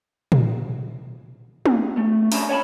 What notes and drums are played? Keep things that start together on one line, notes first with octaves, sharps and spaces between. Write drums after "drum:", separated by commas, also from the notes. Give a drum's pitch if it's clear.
drum: tom
drum: tom
A3
C#4 D4 E5 A#5 B5, drum: open hi-hat
C#5 D#5 G#5 A5 B5